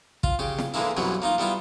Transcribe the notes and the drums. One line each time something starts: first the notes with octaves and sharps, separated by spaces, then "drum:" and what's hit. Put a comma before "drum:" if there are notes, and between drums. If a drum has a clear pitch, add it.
F4, drum: kick
C#3 G4
drum: snare
D3 E3 G#3 A#3 E4
C2 F#2 B2 E3 F#3
A#3 D#4 F4
G3 B3 E4 F4